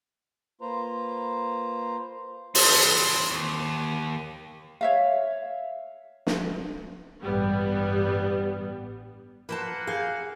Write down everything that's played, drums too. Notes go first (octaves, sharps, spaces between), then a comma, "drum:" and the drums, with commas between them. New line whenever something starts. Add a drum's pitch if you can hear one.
A#3 F4 B4 C5 A#5
E3 C4, drum: open hi-hat
D#2
C#5 E5 F5
drum: snare
A1 G2 G3 B3
A#3 B4 C5 F#5 A5
G#4 F5 G6 G#6